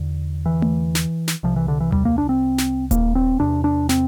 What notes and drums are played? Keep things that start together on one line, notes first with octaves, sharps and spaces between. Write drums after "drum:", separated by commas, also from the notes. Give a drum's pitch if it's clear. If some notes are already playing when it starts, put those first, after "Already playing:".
Already playing: E2 D3
E3
drum: tom A3
drum: snare
drum: snare
C2 C3 F3
E3
D3
E3
G3, drum: tom D#2
A#3
D4
C4
drum: snare
A#3, drum: kick D#1, hi-hat
C4
E2 C3 D4
D4
C4, drum: snare